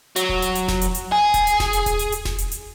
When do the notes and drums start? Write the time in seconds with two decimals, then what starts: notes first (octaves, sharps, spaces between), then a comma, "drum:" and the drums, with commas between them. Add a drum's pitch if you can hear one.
0.16 F#3, drum: hi-hat
0.29 drum: kick D#1
0.42 drum: hi-hat
0.55 drum: hi-hat
0.68 drum: snare F1
0.81 drum: hi-hat
0.95 drum: hi-hat
1.12 G#4
1.34 drum: kick D#1, hi-hat
1.47 drum: hi-hat
1.60 drum: snare F1
1.73 drum: hi-hat
1.86 drum: kick D#1, hi-hat
1.99 drum: hi-hat
2.12 drum: hi-hat
2.25 drum: snare F1
2.38 drum: hi-hat
2.52 drum: hi-hat